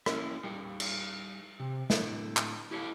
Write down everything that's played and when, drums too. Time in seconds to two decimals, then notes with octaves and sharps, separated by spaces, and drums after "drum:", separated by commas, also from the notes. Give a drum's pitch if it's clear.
0.06 A#3 C#4 E4 E5, drum: rim click
0.43 G3 D#4 F5
0.80 drum: cymbal
1.60 C3
1.90 A2 D3, drum: snare
2.37 drum: clap
2.71 E4 G4 A4 C#5 D5 F5